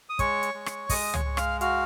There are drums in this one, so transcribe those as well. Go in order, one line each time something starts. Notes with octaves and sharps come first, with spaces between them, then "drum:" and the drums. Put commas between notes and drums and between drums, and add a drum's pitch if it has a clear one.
D#6
G#3 C#5 C#6, drum: kick, hi-hat
drum: hi-hat
G#3
drum: rim click
G#3 D#5 D#6, drum: kick, open hi-hat
C#5 C#6, drum: tom
G#3
F5 F6, drum: rim click
F#4 F5 F6, drum: hi-hat